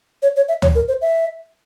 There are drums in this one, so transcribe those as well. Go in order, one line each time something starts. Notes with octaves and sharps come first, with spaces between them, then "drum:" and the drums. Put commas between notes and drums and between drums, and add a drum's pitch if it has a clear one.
C#5
C#5
E5
C#5, drum: tom D2
A#4
C5
E5